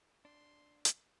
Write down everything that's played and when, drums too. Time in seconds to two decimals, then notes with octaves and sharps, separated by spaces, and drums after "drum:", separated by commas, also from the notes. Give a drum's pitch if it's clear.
0.25 D4 C6
0.85 drum: hi-hat